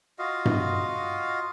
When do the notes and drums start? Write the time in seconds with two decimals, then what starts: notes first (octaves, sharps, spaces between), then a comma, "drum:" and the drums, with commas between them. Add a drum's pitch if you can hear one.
0.19 F4 F#4 D#5 F5
0.45 drum: tom G2